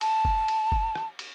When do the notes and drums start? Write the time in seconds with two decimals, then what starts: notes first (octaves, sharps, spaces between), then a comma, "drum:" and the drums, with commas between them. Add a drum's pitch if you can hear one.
0.01 A5, drum: cymbal
0.25 drum: kick F#1
0.48 drum: cymbal
0.72 drum: kick F#1
0.95 drum: rim click
1.19 drum: cymbal